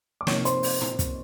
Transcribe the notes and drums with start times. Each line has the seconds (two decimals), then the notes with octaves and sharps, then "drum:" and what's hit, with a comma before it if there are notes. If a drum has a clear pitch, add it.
0.21 D6
0.27 C3 F3 A#3 D#4 C#5 C#6, drum: snare
0.45 C5 C6, drum: hi-hat
0.63 drum: open hi-hat
0.81 drum: tom
0.99 drum: kick, hi-hat